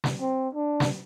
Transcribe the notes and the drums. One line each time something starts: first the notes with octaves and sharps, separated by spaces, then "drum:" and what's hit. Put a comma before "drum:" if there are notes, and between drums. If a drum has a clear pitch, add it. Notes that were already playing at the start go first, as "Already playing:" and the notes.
drum: snare
C4
D4
drum: snare